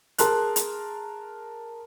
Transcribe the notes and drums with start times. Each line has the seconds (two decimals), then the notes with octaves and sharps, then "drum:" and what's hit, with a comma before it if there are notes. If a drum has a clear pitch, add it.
0.18 G#4 A#4 A5 C6 F#6, drum: hi-hat
0.56 drum: hi-hat